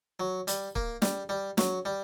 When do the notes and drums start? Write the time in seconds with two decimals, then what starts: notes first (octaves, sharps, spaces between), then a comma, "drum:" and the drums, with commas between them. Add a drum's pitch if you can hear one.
0.20 F#3
0.48 G3, drum: hi-hat
0.76 A#3, drum: kick
1.02 G3, drum: snare
1.29 G3
1.58 F#3, drum: snare
1.85 G3